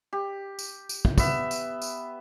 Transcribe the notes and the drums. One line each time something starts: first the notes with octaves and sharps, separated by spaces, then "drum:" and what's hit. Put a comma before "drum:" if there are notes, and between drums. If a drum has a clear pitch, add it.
G4
drum: tambourine
drum: tambourine
drum: kick
B3 E5, drum: kick, tambourine
drum: tambourine
drum: tambourine